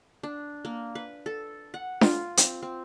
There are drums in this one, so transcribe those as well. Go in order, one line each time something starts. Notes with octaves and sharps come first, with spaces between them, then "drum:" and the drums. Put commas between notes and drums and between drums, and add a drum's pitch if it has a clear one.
D4
A#3
B4
A4
F#5
F4, drum: snare D4
C4, drum: hi-hat
C4